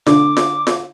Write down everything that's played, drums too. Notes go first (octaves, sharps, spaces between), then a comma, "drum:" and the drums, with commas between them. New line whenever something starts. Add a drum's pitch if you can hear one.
D3 D6, drum: snare F4
drum: snare F4
drum: snare F4